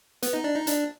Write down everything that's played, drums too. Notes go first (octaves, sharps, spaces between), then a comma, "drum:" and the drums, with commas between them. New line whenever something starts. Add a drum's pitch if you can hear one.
B3 B4, drum: hi-hat
D#4 D#5
D4 D5
D#4 D#5
D4 D5, drum: hi-hat